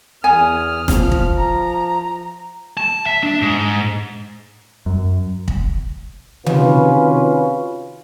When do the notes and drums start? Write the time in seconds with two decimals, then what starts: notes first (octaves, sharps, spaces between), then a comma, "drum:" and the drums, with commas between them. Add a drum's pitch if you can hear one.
0.24 E2 G#5 D#6 F6
0.88 F3, drum: snare
1.12 drum: kick
1.36 A#5
2.77 A5
3.07 E5
3.24 D4
3.42 G#2
4.86 F#2
5.48 drum: kick
6.46 C3 D#3 C#4 F4 F#4 B4, drum: tom C3